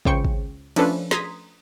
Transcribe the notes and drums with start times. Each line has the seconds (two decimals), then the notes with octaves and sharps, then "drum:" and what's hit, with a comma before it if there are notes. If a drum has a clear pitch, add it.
0.05 C#2 C#3 C5 G5 C#6 C#7, drum: kick
0.25 drum: kick
0.76 F3 A3 C#4 D4 A4 B4, drum: cymbal
1.11 A#5 C6 D#6 G#6 B6, drum: snare